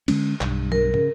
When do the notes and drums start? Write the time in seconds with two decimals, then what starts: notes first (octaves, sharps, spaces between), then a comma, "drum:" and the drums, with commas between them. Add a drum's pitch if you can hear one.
0.08 D3 G#3 C#4, drum: cymbal
0.41 B1 G2, drum: clap
0.72 A#4, drum: tom
0.94 C#3, drum: tom